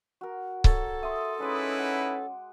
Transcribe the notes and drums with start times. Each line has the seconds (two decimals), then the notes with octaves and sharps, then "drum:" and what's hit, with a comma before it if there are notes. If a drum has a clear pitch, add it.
0.21 F#4 A#4
0.64 A4 C#5 A#5, drum: kick C#1
1.03 E5 C6 D#6
1.40 G#3 C#4 D#4 E4 B4 D#5 D6
1.79 F#5